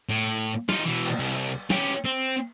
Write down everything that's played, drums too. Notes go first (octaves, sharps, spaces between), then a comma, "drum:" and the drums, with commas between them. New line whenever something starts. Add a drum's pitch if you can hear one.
A2
D#4 F4, drum: snare
B2 E3
drum: cymbal
C2
C#4 G4, drum: snare
C4